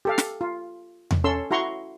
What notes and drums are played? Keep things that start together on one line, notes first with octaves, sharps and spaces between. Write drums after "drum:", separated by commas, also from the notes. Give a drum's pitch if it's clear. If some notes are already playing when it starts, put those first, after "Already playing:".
G4 A4 F5
drum: snare
F4
drum: tom E2
C#4 A4 C6 E6
E4 F#4 A#5 C6 C#6